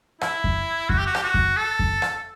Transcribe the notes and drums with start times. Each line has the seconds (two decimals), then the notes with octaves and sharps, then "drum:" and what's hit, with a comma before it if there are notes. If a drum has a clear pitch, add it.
0.21 E4, drum: rim click
0.44 drum: kick F2
0.89 F#4, drum: kick F2
0.98 G4
1.06 F#4
1.15 G4, drum: rim click
1.23 F#4
1.34 drum: kick F2
1.57 A4
1.79 drum: kick F2
2.02 drum: rim click